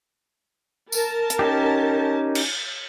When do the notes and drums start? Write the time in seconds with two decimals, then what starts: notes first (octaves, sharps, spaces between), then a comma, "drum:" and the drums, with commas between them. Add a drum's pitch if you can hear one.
0.92 A#4 A5, drum: tambourine
1.30 drum: hi-hat
1.39 C#4 D#4 G4
2.35 drum: cymbal